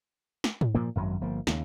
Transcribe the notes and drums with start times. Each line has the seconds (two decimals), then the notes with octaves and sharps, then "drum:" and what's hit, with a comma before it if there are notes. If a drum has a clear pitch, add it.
0.44 drum: snare
0.61 drum: tom G#2
0.75 A#2 F3 A#3
0.95 G#1 F#2 F#3
1.21 G1 F3 A#3
1.47 D#2 C#3, drum: snare